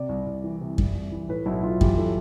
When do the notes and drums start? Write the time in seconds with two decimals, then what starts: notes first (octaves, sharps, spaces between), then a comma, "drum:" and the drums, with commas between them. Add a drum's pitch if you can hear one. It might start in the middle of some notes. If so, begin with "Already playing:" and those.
Already playing: C3 D5
0.09 C2
0.26 C2
0.44 E3
0.61 C3
0.78 C2, drum: kick F#2
0.95 C2
1.12 E3
1.29 A2 B4
1.46 B1 E4
1.63 B1 F4
1.81 E3 G4, drum: kick F#2
1.98 A2 A4